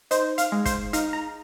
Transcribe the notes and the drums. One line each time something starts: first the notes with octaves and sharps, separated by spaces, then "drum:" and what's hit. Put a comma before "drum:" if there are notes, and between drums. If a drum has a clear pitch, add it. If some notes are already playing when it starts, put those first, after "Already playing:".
D#4 C5, drum: hi-hat
F5, drum: hi-hat
G#3
C5, drum: kick, hi-hat
D#4 F5, drum: hi-hat
A#5